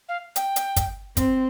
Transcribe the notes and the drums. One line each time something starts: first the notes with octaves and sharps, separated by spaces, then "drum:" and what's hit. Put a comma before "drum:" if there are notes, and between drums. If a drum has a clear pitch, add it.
F5
G5, drum: hi-hat
drum: hi-hat
drum: kick, hi-hat
C4, drum: kick, hi-hat